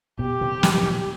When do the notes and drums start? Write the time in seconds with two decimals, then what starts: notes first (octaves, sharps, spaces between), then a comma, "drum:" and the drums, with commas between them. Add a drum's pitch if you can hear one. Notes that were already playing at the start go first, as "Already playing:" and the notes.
0.19 B2 G4
0.41 C3
0.63 A#2, drum: snare
0.74 B2
0.83 A#2